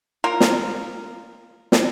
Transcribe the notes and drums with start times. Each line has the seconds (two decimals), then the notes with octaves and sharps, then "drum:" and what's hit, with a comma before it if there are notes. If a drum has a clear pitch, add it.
0.24 A#3 F4 A#4
0.40 drum: snare
1.72 drum: snare